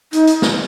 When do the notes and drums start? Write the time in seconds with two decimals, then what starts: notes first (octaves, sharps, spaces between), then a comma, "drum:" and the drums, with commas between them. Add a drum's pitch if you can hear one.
0.13 D#4, drum: hi-hat
0.27 drum: hi-hat
0.42 drum: snare